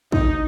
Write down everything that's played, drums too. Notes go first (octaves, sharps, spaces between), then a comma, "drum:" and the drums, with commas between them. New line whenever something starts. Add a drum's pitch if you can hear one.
D#4, drum: kick